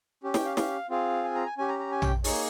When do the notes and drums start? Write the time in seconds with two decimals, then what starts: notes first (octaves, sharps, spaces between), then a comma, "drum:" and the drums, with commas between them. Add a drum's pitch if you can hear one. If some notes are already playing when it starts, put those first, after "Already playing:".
0.23 C#4 G4
0.34 G5, drum: snare
0.45 F5
0.57 F5, drum: snare
0.90 C4 F4 G#4 F5
1.24 G#5
1.35 A#5
1.46 G#5
1.58 C#4 G4 G#5
1.68 A#5
1.79 A#5
1.92 G#5
2.02 G5, drum: tom A#1
2.24 A#3 D#4 G#4 C#5, drum: open hi-hat